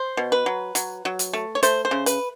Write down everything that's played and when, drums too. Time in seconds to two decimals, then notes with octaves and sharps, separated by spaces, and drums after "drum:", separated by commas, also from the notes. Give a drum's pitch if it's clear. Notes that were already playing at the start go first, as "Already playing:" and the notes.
Already playing: C5
0.17 B2
0.32 B4
0.46 F#3
0.75 F#3, drum: hi-hat
1.05 F#3
1.19 drum: hi-hat
1.33 A3
1.55 C#5
1.63 A3 C5, drum: hi-hat
1.85 C5
1.91 C#3
2.06 B4, drum: hi-hat